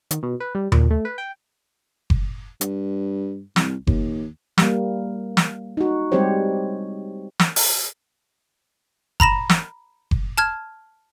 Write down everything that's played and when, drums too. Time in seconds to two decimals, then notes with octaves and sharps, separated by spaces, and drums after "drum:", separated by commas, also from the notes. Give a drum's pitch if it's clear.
0.11 D#3, drum: hi-hat
0.23 B2
0.40 B4
0.55 G3
0.72 A#2, drum: tom D#2
0.91 A3
1.05 B4
1.18 G5
2.10 drum: kick F#1
2.61 G2, drum: hi-hat
3.56 C2, drum: snare
3.87 D#2, drum: kick F#1
4.58 G3 A#3, drum: snare
5.37 drum: snare
5.77 D#4 F#4
6.12 G3 G#3 C4 G4 C5 C#5
7.39 drum: snare
7.56 drum: open hi-hat
9.20 A#5 B5 A#6 E7, drum: kick F#1
9.49 drum: snare
10.11 drum: kick F#1
10.38 A5 F6 G#6